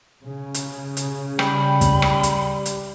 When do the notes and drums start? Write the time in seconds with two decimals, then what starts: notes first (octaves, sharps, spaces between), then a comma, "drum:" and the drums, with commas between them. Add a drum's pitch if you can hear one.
0.24 C#3
0.54 drum: hi-hat
0.97 drum: hi-hat
1.39 G3 G5 B5, drum: rim click
1.81 drum: kick, hi-hat
2.02 drum: rim click
2.23 drum: hi-hat
2.66 drum: hi-hat